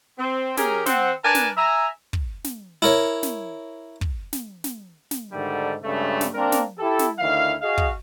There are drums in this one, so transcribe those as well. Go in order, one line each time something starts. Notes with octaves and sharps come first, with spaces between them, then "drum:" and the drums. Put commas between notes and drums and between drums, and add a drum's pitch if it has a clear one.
C4
C#4 G4 G#4 A#4, drum: snare
C4 F#5, drum: snare
D4 A#4 B4 G#5 A5
drum: snare
E5 G#5 A#5
drum: kick
drum: snare
E4 A#4 C#5
drum: snare
drum: kick
drum: snare
drum: snare
drum: snare
G#2 D3 D#3 G3 A3
G2 C#3 G#3 A3
drum: snare
A#3 C4 D4 A#4
drum: snare
E4 G4 A4
drum: snare
D2 D#3 E4 F5
F#4 G#4 D#5 F5
drum: kick